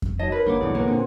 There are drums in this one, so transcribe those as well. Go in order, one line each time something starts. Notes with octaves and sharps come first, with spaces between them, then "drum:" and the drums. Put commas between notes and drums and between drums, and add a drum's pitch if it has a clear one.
drum: kick F2
F#3 D#4 C#5 D#5 A5
A#4 B4
G1 G2 A#3 C#5 F#5 D6
B1 E2 A2 D3 G#4
A#3 G#4 B4 F#5
A#2 D3 C4